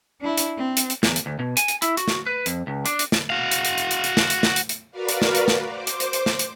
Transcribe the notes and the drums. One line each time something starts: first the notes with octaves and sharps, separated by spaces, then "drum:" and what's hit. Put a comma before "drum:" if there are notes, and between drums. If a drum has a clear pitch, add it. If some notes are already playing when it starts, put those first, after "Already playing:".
D4 E4
drum: hi-hat
C4
drum: hi-hat
drum: hi-hat
E2, drum: snare
drum: hi-hat
D2
B2
G#5, drum: hi-hat
drum: hi-hat
E4, drum: hi-hat
F#4, drum: hi-hat
drum: snare
B4
F2, drum: hi-hat
C#2
D4, drum: hi-hat
drum: hi-hat
drum: snare
F#4 F5
drum: hi-hat
drum: hi-hat
drum: hi-hat
drum: hi-hat
drum: hi-hat
drum: snare
drum: hi-hat
drum: snare
drum: hi-hat
drum: hi-hat
F#4 A#4 B4 D5 F5
drum: hi-hat
drum: snare
drum: hi-hat
drum: snare
C5 D6
drum: hi-hat
drum: hi-hat
drum: hi-hat
drum: snare
drum: hi-hat